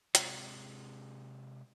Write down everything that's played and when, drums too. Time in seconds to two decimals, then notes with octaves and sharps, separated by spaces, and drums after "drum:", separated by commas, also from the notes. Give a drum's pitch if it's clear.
0.15 C3 G#3, drum: hi-hat